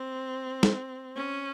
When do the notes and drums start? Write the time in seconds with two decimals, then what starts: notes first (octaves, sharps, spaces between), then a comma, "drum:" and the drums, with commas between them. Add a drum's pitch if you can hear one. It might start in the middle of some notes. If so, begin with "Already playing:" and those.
Already playing: C4
0.63 drum: snare
1.16 C#4